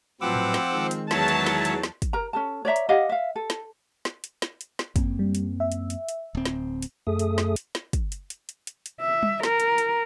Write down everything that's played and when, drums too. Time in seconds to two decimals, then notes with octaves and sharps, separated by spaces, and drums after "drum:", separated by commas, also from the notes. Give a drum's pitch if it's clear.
0.21 A2 F3 F#3 C4 B4 F#5 D6 E6
0.36 drum: tom G#2
0.54 drum: snare
0.73 D#3 G#3
0.91 drum: hi-hat
1.11 E2 F#3 C#5 E5 A5, drum: snare
1.28 drum: hi-hat
1.47 drum: snare
1.65 drum: hi-hat
1.83 drum: snare
2.02 drum: kick, hi-hat
2.13 A#4 A#5
2.33 C#4 A4 A5
2.65 C#5 D5 E5 A#5
2.76 drum: hi-hat
2.89 G4 D#5 F5 F#5
3.09 E5 F5
3.36 A4
3.50 drum: snare
4.05 drum: snare
4.24 drum: hi-hat
4.42 drum: snare
4.61 drum: hi-hat
4.79 drum: snare
4.96 F#2 A#3 C4, drum: kick, hi-hat
5.19 G3
5.35 drum: hi-hat
5.60 E5
5.72 drum: hi-hat
5.90 drum: hi-hat
6.09 drum: hi-hat
6.35 D1 C4
6.45 drum: snare
6.82 drum: hi-hat
7.07 F#2 A3 G#4 A4 E5 D#6
7.19 drum: hi-hat
7.38 drum: snare
7.56 drum: hi-hat
7.75 drum: snare
7.93 drum: kick, hi-hat
8.12 drum: hi-hat
8.30 drum: hi-hat
8.49 drum: hi-hat
8.67 drum: hi-hat
8.86 drum: hi-hat
9.01 E5
9.23 drum: tom G3
9.43 A#4, drum: snare
9.60 drum: hi-hat
9.78 drum: hi-hat